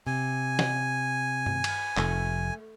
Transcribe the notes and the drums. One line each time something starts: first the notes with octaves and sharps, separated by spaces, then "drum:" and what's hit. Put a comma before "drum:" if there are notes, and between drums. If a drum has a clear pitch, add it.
C3 G#5
drum: snare
drum: tom G2
drum: cymbal
F1 A3, drum: clap